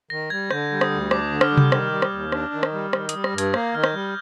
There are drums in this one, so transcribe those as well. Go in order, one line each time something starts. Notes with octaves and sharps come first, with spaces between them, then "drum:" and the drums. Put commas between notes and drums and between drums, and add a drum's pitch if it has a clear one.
D#3 A#6
G3 G#6
D3 G6, drum: rim click
G3
D#6, drum: rim click
D2
D4 D6, drum: rim click
D3
F6, drum: rim click
G3
G6, drum: tom C3
D#3, drum: rim click
G3
drum: rim click
D#2
D4, drum: rim click
D#3
drum: rim click
G3
D#3 F6, drum: rim click
D#6, drum: hi-hat
G3
A#6, drum: rim click
G2
G#6, drum: hi-hat
A#3 G6, drum: rim click
D#6
D#3 F6
G6, drum: rim click
G3